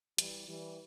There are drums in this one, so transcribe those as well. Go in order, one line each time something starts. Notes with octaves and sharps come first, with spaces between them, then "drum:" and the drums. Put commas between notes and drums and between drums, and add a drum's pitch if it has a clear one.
E3 G3, drum: hi-hat
E3 G3